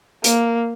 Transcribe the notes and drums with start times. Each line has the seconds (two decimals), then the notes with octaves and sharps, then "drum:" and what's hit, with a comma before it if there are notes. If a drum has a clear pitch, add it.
0.24 A#3, drum: hi-hat